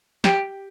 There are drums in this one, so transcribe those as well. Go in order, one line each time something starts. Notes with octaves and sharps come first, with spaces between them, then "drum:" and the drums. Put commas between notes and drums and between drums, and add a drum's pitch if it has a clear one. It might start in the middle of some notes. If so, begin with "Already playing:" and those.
G4, drum: snare